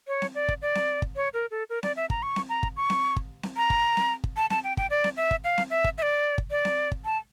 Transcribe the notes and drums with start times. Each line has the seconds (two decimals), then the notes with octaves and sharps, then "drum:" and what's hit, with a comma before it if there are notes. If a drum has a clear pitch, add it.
0.08 C#5
0.22 drum: snare C4
0.35 D5
0.49 drum: kick
0.62 D5
0.75 drum: snare C4
1.02 drum: kick
1.16 C#5
1.34 A#4
1.51 A4
1.70 A#4
1.83 D5, drum: snare C4
1.96 E5
2.10 A#5, drum: kick
2.23 C#6
2.36 drum: snare C4
2.49 A#5
2.63 drum: kick
2.77 C#6
2.90 drum: snare C4
3.16 drum: kick
3.43 drum: snare C4
3.57 A#5
3.70 drum: kick
3.97 drum: snare C4
4.24 drum: kick
4.37 A5
4.50 A5, drum: snare C4
4.64 G5
4.77 G5, drum: kick
4.90 D5
5.04 drum: snare C4
5.17 E5
5.31 drum: kick
5.44 F5
5.58 drum: snare C4
5.70 E5
5.84 drum: kick
5.98 E5
6.02 D5
6.38 drum: kick
6.51 D5
6.65 drum: snare C4
6.92 drum: kick
7.05 A5